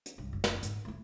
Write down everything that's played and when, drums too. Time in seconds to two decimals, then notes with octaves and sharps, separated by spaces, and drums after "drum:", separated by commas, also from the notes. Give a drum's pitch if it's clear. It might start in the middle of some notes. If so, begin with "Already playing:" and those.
0.06 drum: hi-hat
0.18 C2 G2
0.33 F#1
0.44 drum: snare
0.63 G#2, drum: hi-hat
0.85 A3 E4